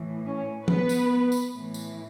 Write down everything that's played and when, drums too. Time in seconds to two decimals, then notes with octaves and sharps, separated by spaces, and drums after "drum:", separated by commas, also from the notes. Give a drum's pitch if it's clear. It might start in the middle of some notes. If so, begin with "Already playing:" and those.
Already playing: A2 E3
0.26 C#4
0.68 B3 B4, drum: tom F3
0.89 drum: tambourine
1.32 drum: tambourine
1.53 A2 E3
1.74 drum: tambourine